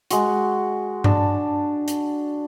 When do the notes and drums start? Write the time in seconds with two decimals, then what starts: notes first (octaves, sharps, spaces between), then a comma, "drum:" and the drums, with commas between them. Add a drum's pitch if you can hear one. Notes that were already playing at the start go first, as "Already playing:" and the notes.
0.11 G#3 F#4, drum: hi-hat
1.04 D4 A5, drum: tom G2
1.88 drum: hi-hat